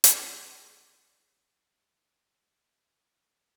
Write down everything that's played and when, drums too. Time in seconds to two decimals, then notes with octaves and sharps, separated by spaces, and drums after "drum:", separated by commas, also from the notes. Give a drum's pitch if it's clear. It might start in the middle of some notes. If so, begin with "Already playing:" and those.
0.04 drum: hi-hat
0.20 G5
3.01 G5